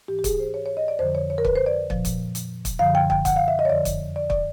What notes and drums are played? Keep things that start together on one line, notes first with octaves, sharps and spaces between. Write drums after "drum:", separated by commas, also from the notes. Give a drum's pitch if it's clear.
G#2 E3 G4
G4
G#4, drum: kick, hi-hat
C5
C#5
C#5
D#5
D5
F2 D3 F3 C5
C#5
C#5
A#4
B4, drum: kick
C5
D5
A#2 F3, drum: kick
drum: kick, hi-hat
drum: hi-hat
drum: kick, hi-hat
F#2 D3 F3 F5
G5
G5, drum: kick
F#5, drum: kick, hi-hat
F5
E5
D#5
C#5
F2 D3 F3 D5
drum: kick, hi-hat
D5
D5, drum: kick